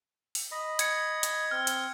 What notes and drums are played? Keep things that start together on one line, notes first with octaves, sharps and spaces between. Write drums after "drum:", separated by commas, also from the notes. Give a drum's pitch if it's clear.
drum: open hi-hat
D#5 B5
G#6 C#7, drum: hi-hat
drum: hi-hat
C4 F6
drum: hi-hat